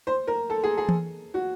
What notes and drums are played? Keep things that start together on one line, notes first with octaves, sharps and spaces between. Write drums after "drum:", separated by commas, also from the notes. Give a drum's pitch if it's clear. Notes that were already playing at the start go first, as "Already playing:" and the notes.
C5
A#4
A4
G#4
G#4
drum: tom E3
F#4